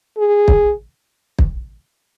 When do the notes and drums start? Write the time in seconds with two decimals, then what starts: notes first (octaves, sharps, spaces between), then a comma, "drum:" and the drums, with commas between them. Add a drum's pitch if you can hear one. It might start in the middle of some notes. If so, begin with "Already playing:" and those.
0.18 G#4
0.48 drum: kick
1.39 drum: kick